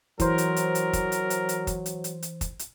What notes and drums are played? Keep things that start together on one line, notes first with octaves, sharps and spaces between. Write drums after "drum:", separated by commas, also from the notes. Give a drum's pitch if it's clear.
E3 F#3 A#4 C5, drum: kick, hi-hat
drum: hi-hat
drum: hi-hat
drum: hi-hat
drum: kick, hi-hat
drum: hi-hat
drum: hi-hat
drum: hi-hat
drum: kick, hi-hat
drum: hi-hat
drum: hi-hat
drum: hi-hat
drum: kick, hi-hat
drum: hi-hat